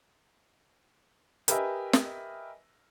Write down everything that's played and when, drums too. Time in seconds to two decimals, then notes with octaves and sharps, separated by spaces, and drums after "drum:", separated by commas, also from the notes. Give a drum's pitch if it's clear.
1.48 G4 A#4 B4 D#5 E5 G#5, drum: hi-hat
1.93 drum: snare